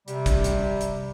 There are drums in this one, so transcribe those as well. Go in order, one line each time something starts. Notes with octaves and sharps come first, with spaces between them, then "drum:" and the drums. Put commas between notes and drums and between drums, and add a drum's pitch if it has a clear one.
C3 G3, drum: hi-hat
drum: kick, hi-hat
drum: hi-hat
drum: hi-hat